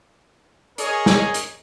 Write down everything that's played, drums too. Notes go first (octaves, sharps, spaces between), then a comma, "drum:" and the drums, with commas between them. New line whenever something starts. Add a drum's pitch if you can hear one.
G#4 A#4 C#5 D#5, drum: hi-hat
drum: snare
drum: hi-hat